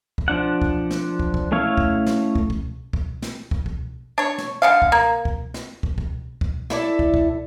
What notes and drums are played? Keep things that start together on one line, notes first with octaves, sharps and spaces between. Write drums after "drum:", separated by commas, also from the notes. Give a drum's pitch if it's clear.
drum: kick
F3 D4 F#5
drum: kick
drum: snare
drum: kick
drum: kick
A3 C#4 E4 C#5 F5
drum: kick
drum: snare
drum: kick
drum: kick
drum: kick
drum: snare
drum: kick
drum: kick
D4 C#5
drum: snare
D3 G#3 F5
drum: kick
A#3
drum: kick
drum: snare
drum: kick
drum: kick
drum: kick
E4 A4 D5, drum: snare
drum: kick
drum: kick